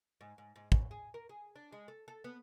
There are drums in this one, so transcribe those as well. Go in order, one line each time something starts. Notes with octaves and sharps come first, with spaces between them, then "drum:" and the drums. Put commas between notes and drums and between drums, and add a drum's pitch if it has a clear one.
G#2
G#2
G#2
F#2, drum: kick
G#4
A#4
G#4
D4
G#3
A4
A4
B3